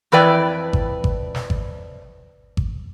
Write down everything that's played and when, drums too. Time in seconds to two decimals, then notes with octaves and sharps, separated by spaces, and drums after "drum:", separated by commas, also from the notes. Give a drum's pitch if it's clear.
0.12 F2 E3 E4 B4 D5 G5
0.73 drum: kick G#1
1.04 drum: kick G#1
1.35 drum: snare
1.50 drum: kick G#1
2.57 drum: kick G#1